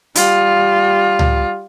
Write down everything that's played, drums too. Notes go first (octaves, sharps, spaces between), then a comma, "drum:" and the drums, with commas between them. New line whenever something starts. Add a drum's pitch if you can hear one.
G3 F4, drum: hi-hat
drum: tom C#2